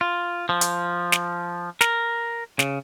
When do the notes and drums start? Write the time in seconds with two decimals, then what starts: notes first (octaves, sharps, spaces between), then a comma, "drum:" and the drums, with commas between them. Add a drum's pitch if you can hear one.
0.01 F4
0.49 F3
0.61 drum: hi-hat
1.12 drum: snare
1.81 A#4, drum: snare
2.59 C#3, drum: snare